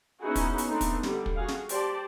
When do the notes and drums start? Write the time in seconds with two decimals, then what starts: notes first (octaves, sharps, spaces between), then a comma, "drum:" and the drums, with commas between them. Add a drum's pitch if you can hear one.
0.20 B3 C#4 D#4 E4 F#4 G#4
0.35 drum: kick, hi-hat
0.58 drum: hi-hat
0.69 A3 B3 C4 D4 D#4
0.81 drum: kick, hi-hat
1.03 D3 G3, drum: snare
1.26 drum: kick
1.35 F#4 G#4 F5
1.48 drum: snare
1.69 G4 C5 D5 A5, drum: hi-hat